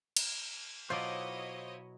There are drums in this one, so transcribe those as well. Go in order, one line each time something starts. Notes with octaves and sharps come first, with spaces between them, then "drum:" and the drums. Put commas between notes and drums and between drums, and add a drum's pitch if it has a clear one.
drum: cymbal
B2 F#3 E4 F4 C5 C#5 D#5 D6